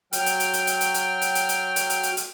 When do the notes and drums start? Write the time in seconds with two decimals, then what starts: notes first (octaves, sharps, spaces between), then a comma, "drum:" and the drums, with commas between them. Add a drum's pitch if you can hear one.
0.13 F#3 G5 F6, drum: hi-hat
0.26 drum: hi-hat
0.40 drum: hi-hat
0.53 drum: hi-hat
0.67 drum: hi-hat
0.81 drum: hi-hat
0.94 drum: hi-hat
1.22 drum: hi-hat
1.35 drum: hi-hat
1.49 drum: hi-hat
1.76 drum: hi-hat
1.90 drum: hi-hat
2.03 drum: hi-hat
2.17 drum: hi-hat